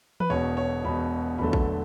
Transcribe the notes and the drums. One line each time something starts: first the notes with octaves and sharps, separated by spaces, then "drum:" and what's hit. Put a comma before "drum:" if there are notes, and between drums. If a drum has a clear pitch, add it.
B4, drum: tom E3
E1 E2 B2 C#5
C#5
E1 E2 B2 B5
E1 E2 D3 F#3 A3 B5
drum: kick